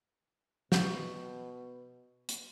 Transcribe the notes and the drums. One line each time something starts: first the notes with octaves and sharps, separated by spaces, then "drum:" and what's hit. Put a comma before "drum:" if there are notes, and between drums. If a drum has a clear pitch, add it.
B2 F#4 G5, drum: snare
drum: hi-hat